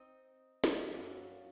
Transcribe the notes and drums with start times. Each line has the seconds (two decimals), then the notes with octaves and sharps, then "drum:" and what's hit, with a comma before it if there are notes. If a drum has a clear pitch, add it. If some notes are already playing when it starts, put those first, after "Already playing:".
Already playing: C4 D#4
0.64 drum: snare
0.82 C4
0.93 F#2 F#3 A#3 D4